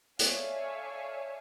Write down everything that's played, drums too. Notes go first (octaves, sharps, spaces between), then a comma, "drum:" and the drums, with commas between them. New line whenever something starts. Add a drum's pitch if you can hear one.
A4 C#5 D5 E5 F5 G#5, drum: hi-hat